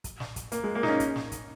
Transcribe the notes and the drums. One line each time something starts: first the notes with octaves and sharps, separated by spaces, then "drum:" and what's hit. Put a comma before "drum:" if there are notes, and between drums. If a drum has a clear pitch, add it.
drum: kick, hi-hat
drum: snare
drum: kick, hi-hat
A#3, drum: hi-hat
G#3
A#3
D#4, drum: snare
C#4
drum: kick, hi-hat
drum: snare
drum: kick, hi-hat